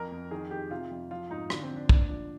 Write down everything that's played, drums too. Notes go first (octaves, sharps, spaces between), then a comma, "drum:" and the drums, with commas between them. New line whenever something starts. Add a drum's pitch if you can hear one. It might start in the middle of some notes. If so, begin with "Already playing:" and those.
Already playing: F2 A#4
F2
D#3 G#4
D#3 G4
C3 F4
F2
F3 F4
G#2 D#4
D3 D4, drum: rim click
C4
F3
D4
A#2 D4, drum: kick
F3 D4